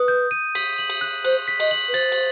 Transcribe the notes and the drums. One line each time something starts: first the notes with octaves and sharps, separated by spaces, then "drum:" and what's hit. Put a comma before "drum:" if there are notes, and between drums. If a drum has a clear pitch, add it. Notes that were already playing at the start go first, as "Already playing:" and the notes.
Already playing: B4 D#6
G6
D#7
B6, drum: cymbal
F#7
drum: cymbal
F#6
C5 F#6, drum: cymbal
B6
D#5, drum: cymbal
F#7
B4
C5 A6, drum: cymbal
drum: cymbal